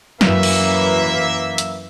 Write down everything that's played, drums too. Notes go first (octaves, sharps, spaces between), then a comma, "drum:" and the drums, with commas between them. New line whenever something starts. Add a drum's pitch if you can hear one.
F#2 E3 F#3 A#3 E5, drum: snare
drum: cymbal
drum: hi-hat